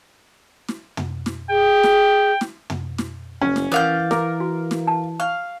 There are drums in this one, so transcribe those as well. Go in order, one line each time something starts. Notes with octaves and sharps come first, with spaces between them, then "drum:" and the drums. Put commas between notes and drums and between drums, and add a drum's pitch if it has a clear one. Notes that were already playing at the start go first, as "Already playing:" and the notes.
drum: snare
drum: tom
drum: snare
G#4 G5
drum: snare
drum: snare
drum: tom
drum: snare
F#1 C#4
drum: snare
E3 A4 A#4 D5 F5 F#5 G6
A#4 D6, drum: snare
F#4
drum: snare
A5
F5 C#6